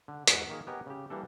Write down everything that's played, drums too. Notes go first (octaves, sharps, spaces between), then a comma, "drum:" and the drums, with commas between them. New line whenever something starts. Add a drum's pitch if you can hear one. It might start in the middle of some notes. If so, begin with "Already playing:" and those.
D3
E2 G#2 F#5, drum: hi-hat
D#3 A#3 G#4
B3 G4 A#4 C#5 D#5 G#5
C#3 G4
E3 G3 A#3 D4 A4